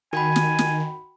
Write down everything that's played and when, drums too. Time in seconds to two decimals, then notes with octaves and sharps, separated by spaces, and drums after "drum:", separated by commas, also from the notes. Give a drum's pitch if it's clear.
0.13 D#3 F#4 G5 G#5 B5
0.36 drum: snare
0.59 drum: snare